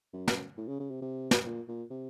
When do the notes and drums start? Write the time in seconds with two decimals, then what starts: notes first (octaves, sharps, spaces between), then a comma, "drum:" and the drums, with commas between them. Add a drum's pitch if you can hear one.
0.13 F#2
0.28 drum: snare
0.57 A2
0.68 C#3
0.80 C#3
0.91 C3
1.02 C3
1.31 drum: snare
1.46 A#2
1.68 A#2
1.90 C3